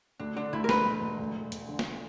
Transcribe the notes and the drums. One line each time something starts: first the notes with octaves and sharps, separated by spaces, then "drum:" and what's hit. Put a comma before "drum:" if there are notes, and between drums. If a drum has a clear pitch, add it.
D2 D4
D3 D4
D2 E4
A#4
D2 B4, drum: snare
E1
E1
D2
E1
E1, drum: hi-hat
D3
drum: snare